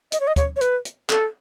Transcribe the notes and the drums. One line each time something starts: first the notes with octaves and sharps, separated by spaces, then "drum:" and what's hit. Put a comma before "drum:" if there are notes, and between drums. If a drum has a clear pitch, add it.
D#5, drum: hi-hat
C#5
D#5
C#5, drum: kick, hi-hat
C#5
B4, drum: hi-hat
drum: hi-hat
A4, drum: clap